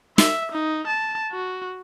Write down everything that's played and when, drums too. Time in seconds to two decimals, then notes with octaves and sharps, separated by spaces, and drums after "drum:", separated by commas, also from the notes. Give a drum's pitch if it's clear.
0.18 E5, drum: snare
0.52 D#4
0.87 A5
1.32 F#4